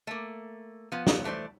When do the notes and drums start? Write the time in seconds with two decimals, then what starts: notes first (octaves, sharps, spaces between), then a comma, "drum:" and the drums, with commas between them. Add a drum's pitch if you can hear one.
0.07 A3 A#3
0.92 F3 B3
1.07 drum: snare
1.24 E3 A3 G#4 C5 D5